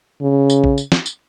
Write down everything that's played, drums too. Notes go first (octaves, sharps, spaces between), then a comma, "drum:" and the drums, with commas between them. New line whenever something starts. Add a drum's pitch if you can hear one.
C#3
drum: tambourine
drum: kick A1
drum: tambourine
drum: snare
drum: tambourine